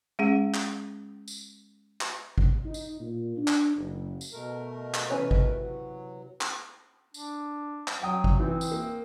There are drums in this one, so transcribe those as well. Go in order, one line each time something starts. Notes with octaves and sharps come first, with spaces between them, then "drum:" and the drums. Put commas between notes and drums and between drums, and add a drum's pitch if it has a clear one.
G#3 C#4 G#4 F#5
drum: clap
drum: tambourine
drum: clap
drum: kick
D#4
drum: tambourine
A#2
D4
drum: clap
F#1
drum: tambourine
B2 A3 A#4
drum: clap
C3 E3 C#4 B4 C#5
drum: kick
F#3
drum: clap
D4, drum: tambourine
drum: clap
F#3 F#5 G5 D#6
drum: kick
E3 C4
drum: tambourine
A#3